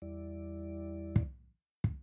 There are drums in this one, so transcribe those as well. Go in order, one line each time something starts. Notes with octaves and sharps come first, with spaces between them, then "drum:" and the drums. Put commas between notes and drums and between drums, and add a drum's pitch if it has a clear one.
E2 G3 E4 D5
drum: kick
drum: kick